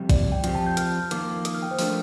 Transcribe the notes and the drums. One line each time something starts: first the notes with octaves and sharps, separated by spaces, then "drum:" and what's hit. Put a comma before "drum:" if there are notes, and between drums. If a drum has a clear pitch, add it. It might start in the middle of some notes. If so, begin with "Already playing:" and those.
Already playing: F2 C3 G3
D5, drum: kick, hi-hat
G5
F3 C4 G4 G5, drum: hi-hat
A5
G6
F6, drum: hi-hat
F2 D#3 A#3 F4 D6, drum: hi-hat
D#6, drum: hi-hat
F6
G5
C5
F3 A3 D4 F4 A#4, drum: open hi-hat